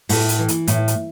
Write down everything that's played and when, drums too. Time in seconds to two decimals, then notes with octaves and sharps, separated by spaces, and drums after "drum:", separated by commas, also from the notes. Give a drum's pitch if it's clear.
0.09 A2, drum: open hi-hat
0.29 drum: hi-hat
0.39 E3
0.48 drum: hi-hat
0.67 A2, drum: hi-hat
0.88 drum: hi-hat